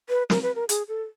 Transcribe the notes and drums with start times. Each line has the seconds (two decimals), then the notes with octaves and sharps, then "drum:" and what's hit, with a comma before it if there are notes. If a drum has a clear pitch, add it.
0.09 B4
0.30 A#4, drum: snare
0.42 B4
0.55 A#4
0.69 G#4, drum: hi-hat
0.88 A4